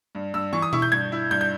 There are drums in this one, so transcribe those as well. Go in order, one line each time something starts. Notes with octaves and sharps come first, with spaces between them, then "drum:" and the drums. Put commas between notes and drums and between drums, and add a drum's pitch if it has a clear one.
G2
G2 E6
E3 C#6
D#6
E4 C#6, drum: tom B2
G6
G2 G#6
E4
G2 G6
G6